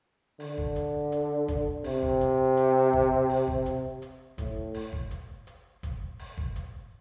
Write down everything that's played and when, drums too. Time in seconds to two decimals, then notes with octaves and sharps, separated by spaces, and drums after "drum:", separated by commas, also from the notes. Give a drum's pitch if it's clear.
0.40 D3, drum: open hi-hat
0.58 drum: kick
0.76 drum: hi-hat
1.12 drum: hi-hat
1.48 drum: kick, hi-hat
1.84 C3, drum: open hi-hat
2.03 drum: kick
2.21 drum: hi-hat
2.57 drum: hi-hat
2.93 drum: kick
3.29 drum: open hi-hat
3.48 drum: kick
3.66 drum: hi-hat
4.02 drum: hi-hat
4.38 A2, drum: kick, hi-hat
4.74 drum: open hi-hat
4.93 drum: kick
5.11 drum: hi-hat
5.47 drum: hi-hat
5.83 drum: kick, hi-hat
6.19 drum: open hi-hat
6.38 drum: kick
6.56 drum: hi-hat